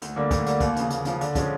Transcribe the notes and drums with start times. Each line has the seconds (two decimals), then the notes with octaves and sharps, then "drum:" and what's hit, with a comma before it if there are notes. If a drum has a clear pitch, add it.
0.02 D2, drum: hi-hat
0.16 D3 G3 A#3
0.31 D2, drum: kick, hi-hat
0.46 D3 G3 A#3, drum: hi-hat
0.60 D#2, drum: kick, hi-hat
0.76 C#3 F3, drum: hi-hat
0.90 D#2, drum: hi-hat
1.05 C#3 F3, drum: hi-hat
1.21 D3, drum: hi-hat
1.35 F3 G#3 C#4, drum: kick, hi-hat